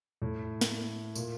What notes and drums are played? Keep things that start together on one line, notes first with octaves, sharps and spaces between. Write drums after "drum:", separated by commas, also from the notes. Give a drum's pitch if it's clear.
A2
drum: snare
A#2, drum: tambourine